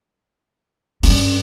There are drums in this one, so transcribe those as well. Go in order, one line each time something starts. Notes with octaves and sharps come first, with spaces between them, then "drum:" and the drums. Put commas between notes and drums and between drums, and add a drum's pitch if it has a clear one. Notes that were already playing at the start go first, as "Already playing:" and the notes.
G2 C#4, drum: open hi-hat